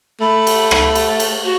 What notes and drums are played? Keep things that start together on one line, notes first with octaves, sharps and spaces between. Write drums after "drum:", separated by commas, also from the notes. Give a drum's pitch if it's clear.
A3 B5
drum: cymbal
drum: rim click
drum: cymbal
drum: cymbal
F#4